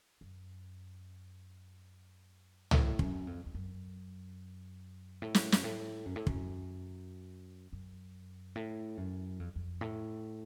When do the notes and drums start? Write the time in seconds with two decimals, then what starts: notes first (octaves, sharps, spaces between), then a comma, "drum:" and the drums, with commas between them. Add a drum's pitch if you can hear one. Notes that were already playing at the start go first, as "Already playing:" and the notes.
0.21 F#2
2.71 A2, drum: tom
2.99 F#2, drum: kick
3.27 F2
3.46 F2
3.55 F#2
5.22 A2
5.35 drum: snare
5.52 F#2, drum: snare
5.64 A2
6.06 F#2
6.16 A2
6.27 F#2, drum: kick
7.73 F#2
8.56 A2
8.97 F#2
9.40 F2
9.56 F2
9.81 A2